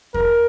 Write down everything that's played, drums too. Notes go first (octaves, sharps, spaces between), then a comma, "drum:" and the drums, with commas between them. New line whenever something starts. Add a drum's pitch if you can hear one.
A#4, drum: kick E2